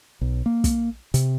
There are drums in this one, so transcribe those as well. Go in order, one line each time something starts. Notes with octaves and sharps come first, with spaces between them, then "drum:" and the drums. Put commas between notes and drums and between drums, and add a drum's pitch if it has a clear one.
B1
A#3
drum: kick, hi-hat
C3, drum: hi-hat